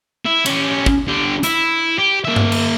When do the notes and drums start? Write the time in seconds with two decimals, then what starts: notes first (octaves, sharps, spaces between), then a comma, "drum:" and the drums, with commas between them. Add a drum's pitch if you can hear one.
0.26 E4
0.46 C#4 G4, drum: cymbal
0.86 drum: kick
1.07 D3 G4
1.43 E4, drum: hi-hat
1.99 G4
2.25 A#3 E5
2.36 drum: tom G2
2.52 drum: cymbal